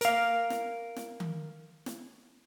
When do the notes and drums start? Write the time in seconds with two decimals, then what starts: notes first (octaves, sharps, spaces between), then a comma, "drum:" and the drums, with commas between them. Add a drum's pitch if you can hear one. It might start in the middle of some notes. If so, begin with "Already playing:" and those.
0.01 A#4 F5, drum: hi-hat
0.50 drum: snare
0.96 drum: snare
1.20 drum: tom D#3
1.86 drum: snare